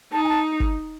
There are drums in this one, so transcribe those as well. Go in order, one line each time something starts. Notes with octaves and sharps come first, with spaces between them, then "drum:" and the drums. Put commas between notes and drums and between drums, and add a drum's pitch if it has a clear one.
D#4 A5
G#5
A5
drum: kick G1